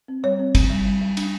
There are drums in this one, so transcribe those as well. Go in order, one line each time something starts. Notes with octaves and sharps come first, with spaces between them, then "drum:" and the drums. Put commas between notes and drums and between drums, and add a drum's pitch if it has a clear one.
C4
G3 C#5
C4
C4, drum: kick, cymbal
G3
G3
G3
D4, drum: cymbal